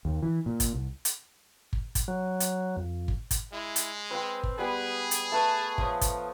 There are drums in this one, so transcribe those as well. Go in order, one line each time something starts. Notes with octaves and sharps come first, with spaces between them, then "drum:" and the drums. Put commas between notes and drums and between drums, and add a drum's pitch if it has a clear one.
D#2
E3
A#2
drum: kick, hi-hat
C2
drum: hi-hat
drum: kick
drum: kick, hi-hat
F#3
drum: hi-hat
F2
drum: kick
drum: kick, hi-hat
G#3 E4
drum: hi-hat
C4 B4 C5 G5
drum: kick
G3 B3 G#4 B4
drum: hi-hat
A3 B4 A5
F3 C#5 D#6, drum: kick
drum: kick, hi-hat